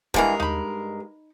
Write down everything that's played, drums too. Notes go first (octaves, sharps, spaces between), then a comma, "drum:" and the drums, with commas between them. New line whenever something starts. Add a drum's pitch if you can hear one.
G2 D3 E3 G#3 A#4, drum: kick
D#4 B5, drum: tom D#2